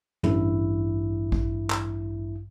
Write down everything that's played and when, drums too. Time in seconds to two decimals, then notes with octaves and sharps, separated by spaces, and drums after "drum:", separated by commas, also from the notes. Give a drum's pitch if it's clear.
0.23 A1 G2 E4, drum: tom
1.32 drum: kick A1
1.70 drum: clap